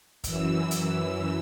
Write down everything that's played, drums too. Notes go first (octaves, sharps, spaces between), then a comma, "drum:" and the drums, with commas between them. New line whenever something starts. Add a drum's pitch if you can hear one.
F#2 E3 E6, drum: kick, hi-hat
drum: hi-hat